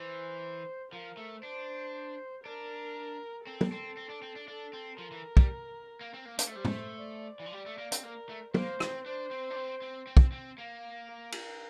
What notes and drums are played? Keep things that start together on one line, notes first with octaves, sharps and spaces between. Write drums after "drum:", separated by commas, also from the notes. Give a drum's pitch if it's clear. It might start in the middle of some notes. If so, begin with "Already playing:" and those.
Already playing: E3 C5
F3 A#4
A3
D4 C5
D4 A#4
C4 A4
drum: tom
C4
C4
D4
C4
D4
D4 A4
C4
F3 A#4
E3
G3, drum: kick
A#3
C4
A#3
A#3, drum: hi-hat
A3
G3 C5
A3, drum: tom
D5
E3
F3
G3
A3
A#3
C4, drum: hi-hat
A#3 A#4
A3
A#3 C5, drum: tom
C4, drum: rim click
D4 C5
C4
D4
C4
C4
C4
drum: kick
C4
A#3
A#4
drum: cymbal